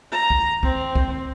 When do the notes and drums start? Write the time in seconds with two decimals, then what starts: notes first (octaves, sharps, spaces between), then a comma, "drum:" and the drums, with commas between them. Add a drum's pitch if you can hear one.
0.12 A#5
0.30 drum: kick
0.63 C4, drum: kick
0.95 drum: kick